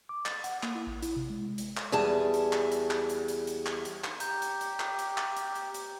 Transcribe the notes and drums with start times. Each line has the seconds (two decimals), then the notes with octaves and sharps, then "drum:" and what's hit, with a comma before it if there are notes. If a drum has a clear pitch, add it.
0.09 D6
0.26 A6, drum: clap
0.44 F#5, drum: hi-hat
0.63 A#3, drum: clap
0.75 E4
0.87 A1
1.02 E4, drum: hi-hat
1.16 C3
1.30 G#3
1.47 G#3
1.58 drum: hi-hat
1.77 drum: clap
1.92 E2 G3 G#4 G#5 A5
2.34 drum: hi-hat
2.53 drum: clap
2.72 drum: hi-hat
2.91 drum: clap
3.09 drum: hi-hat
3.28 drum: hi-hat
3.47 drum: hi-hat
3.66 drum: clap
3.85 drum: hi-hat
4.04 drum: clap
4.20 G4 A#5 G6, drum: hi-hat
4.42 drum: hi-hat
4.61 drum: hi-hat
4.80 drum: clap
4.99 drum: hi-hat
5.18 drum: clap
5.37 drum: hi-hat
5.55 drum: hi-hat
5.74 drum: hi-hat